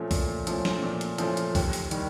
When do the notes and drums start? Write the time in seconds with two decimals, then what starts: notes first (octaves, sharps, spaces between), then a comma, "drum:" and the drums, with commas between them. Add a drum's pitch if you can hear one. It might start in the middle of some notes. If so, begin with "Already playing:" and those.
Already playing: A#2 F3 A3 C#4
0.11 A#2, drum: kick C2, open hi-hat
0.47 F3 A3 C#4, drum: hi-hat
0.65 drum: snare
0.83 A#2
1.01 drum: hi-hat
1.18 F3 A3 C#4, drum: hi-hat
1.37 drum: hi-hat
1.55 D#2, drum: kick C2, open hi-hat
1.73 drum: open hi-hat
1.91 D#3 G3, drum: hi-hat